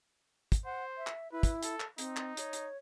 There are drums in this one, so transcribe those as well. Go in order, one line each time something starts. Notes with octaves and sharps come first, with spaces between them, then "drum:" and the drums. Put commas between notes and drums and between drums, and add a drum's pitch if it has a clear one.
drum: kick, hi-hat
C5 F#5
E5
drum: clap
E4 B4
drum: kick, hi-hat
A4, drum: hi-hat
drum: clap
C4 D#4, drum: hi-hat
drum: clap
C#5, drum: hi-hat
drum: hi-hat